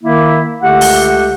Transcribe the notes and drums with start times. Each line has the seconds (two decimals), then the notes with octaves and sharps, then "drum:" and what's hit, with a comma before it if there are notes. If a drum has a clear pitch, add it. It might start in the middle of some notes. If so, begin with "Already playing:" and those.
0.03 D#3 A#3 E4
0.62 C#2 D3 A3 G4 F#5
0.81 drum: open hi-hat